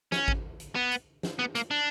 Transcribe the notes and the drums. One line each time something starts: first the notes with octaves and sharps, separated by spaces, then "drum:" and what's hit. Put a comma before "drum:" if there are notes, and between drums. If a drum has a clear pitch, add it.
C#4, drum: snare
drum: kick G#1
drum: hi-hat
B3
drum: hi-hat
drum: snare
B3
A#3, drum: hi-hat
D4